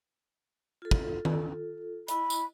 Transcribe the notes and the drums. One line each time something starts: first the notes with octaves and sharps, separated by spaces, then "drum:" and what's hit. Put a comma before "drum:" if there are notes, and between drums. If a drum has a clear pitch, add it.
F4 A4
drum: kick
drum: tom D#3
E4 D#5 B5, drum: hi-hat
drum: tambourine